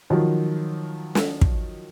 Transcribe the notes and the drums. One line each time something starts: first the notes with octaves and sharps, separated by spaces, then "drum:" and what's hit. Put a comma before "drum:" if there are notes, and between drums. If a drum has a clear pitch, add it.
D#3 F3 F#3
drum: snare
drum: kick